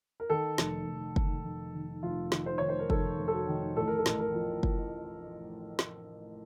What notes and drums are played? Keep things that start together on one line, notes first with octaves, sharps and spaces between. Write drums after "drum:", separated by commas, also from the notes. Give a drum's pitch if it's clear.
A#4
D#3 A4
F1, drum: snare
F1
D#3, drum: kick F#1
F1
D#3
F1 F4
D#3, drum: snare
C5
D#3 C#5
C5
A#4
F1 A4, drum: kick F#1
F1
A4
F#4
D#3
A1 A4
A#4
A4
A1, drum: snare
A#4
F3
drum: kick F#1
drum: snare